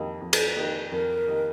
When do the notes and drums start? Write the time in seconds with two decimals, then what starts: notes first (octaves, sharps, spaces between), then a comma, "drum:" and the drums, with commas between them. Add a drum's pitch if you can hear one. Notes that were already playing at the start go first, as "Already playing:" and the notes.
Already playing: F2 D#3 A#3 G4 D#5
0.21 F2
0.33 drum: cymbal
0.56 D#3 A#3 G4 D#5
0.92 F2 A#4
1.27 D#3 A#3 G4 D#5